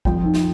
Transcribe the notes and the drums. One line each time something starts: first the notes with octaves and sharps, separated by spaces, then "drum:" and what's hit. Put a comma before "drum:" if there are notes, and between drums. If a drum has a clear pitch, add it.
F2 G5, drum: kick
D#3
drum: snare